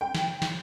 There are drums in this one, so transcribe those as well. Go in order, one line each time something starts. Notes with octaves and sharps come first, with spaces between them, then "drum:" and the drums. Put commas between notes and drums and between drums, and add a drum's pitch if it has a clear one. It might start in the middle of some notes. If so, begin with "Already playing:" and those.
G5
drum: snare
drum: snare